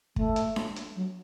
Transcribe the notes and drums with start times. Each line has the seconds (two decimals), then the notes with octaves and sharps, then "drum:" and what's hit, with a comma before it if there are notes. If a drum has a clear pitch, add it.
0.16 A3, drum: kick
0.36 drum: hi-hat
0.56 drum: snare D4
0.76 drum: hi-hat
0.96 F#3